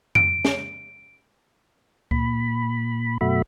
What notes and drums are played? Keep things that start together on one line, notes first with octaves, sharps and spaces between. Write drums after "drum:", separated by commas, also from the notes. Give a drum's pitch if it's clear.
D7, drum: tom F2
drum: snare
A#2 B5, drum: kick C#2
F#2 B2 A3 F#4 E5 B5